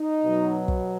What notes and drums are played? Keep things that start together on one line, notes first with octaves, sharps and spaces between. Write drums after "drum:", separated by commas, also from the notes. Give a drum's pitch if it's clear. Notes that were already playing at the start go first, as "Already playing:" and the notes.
Already playing: D#4
B2 F#3
drum: kick